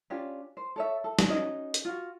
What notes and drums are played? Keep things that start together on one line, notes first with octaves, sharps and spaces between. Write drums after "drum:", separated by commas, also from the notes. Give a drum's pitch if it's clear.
C#4 D4 F4 G4
C5
A4 C#5 E5
A4
drum: snare
C#4 D#4 F#4 D#5
drum: hi-hat
F4 F#4